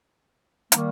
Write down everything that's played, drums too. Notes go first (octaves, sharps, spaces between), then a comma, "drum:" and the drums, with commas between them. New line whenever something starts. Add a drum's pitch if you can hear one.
D#3 G3 A#3, drum: hi-hat